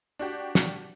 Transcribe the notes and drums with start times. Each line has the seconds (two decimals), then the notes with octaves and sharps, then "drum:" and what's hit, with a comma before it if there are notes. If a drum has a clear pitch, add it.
0.19 D4 F#4 G4
0.55 drum: snare